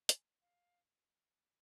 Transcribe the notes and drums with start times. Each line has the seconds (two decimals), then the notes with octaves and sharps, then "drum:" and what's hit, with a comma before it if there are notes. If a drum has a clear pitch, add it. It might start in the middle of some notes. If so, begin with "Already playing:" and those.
0.09 G#5, drum: hi-hat
0.42 F5